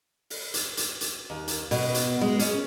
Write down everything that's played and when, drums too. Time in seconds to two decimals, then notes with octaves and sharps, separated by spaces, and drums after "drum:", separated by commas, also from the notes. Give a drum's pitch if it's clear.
0.30 drum: open hi-hat
0.54 drum: hi-hat
0.77 drum: hi-hat
1.01 drum: hi-hat
1.30 D#2
1.48 drum: hi-hat
1.71 B2, drum: open hi-hat
1.94 drum: hi-hat
2.21 G#3
2.39 C#4, drum: hi-hat